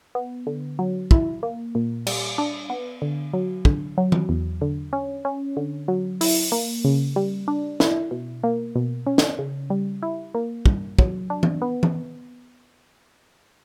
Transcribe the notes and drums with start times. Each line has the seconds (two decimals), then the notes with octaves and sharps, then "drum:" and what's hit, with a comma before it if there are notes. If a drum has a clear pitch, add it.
0.15 B3
0.47 D3
0.79 F#3
1.11 E4, drum: kick
1.43 A#3
1.75 A#2
2.07 G3, drum: cymbal
2.38 D4
2.70 B3
3.02 D3
3.34 F#3
3.65 D3, drum: kick
3.98 F#3
4.12 drum: tom E3
4.29 E2
4.61 D3
4.93 C#4
5.25 C#4
5.57 D3
5.88 F#3
6.21 E4, drum: open hi-hat
6.52 A#3
6.85 C#3
7.16 G3
7.48 D4
7.80 E4, drum: snare
8.11 B2
8.44 A#3
8.76 B2
9.07 C#4
9.18 drum: snare
9.39 C#3
9.70 G3
10.03 E4
10.35 A#3
10.66 G2, drum: kick
10.99 F#3, drum: kick
11.30 D4
11.43 drum: tom
11.62 B3
11.83 drum: tom